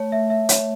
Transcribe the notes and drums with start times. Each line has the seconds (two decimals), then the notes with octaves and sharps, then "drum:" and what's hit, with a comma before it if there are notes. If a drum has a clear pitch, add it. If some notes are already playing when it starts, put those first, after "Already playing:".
Already playing: A3 C#5
0.12 E5
0.30 E5
0.49 C#5, drum: hi-hat